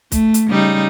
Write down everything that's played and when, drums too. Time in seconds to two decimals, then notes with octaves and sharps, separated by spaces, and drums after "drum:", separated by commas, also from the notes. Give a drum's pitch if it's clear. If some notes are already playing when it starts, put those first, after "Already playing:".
0.12 A3, drum: kick, hi-hat
0.34 drum: hi-hat
0.49 C#3 G3 D#4